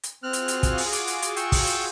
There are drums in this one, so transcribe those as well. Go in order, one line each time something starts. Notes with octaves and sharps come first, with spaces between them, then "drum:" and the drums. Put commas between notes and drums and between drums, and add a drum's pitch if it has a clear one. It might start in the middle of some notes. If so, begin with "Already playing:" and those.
drum: hi-hat
C4 F4 F#4 G#4 F6 F#6
drum: hi-hat
drum: hi-hat
drum: kick, hi-hat
drum: open hi-hat
D6, drum: hi-hat
drum: hi-hat
drum: hi-hat
G5 C#6 E6, drum: hi-hat
drum: kick, open hi-hat
drum: hi-hat